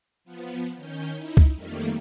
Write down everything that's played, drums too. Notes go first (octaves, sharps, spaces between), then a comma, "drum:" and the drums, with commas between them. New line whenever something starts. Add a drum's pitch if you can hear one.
F3 B3
D#3 C#4 G6
D#4 E4
drum: kick C#2
F2 D#3 G3 A3 A#3